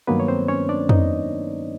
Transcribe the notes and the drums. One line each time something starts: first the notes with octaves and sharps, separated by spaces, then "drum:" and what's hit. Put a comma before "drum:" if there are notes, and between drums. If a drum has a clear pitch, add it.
G2 D#3 F#3 A#3 B3 B4
C#5
C4 C5
C#4 C#5
D4 D5
D#4 D#5, drum: tom F2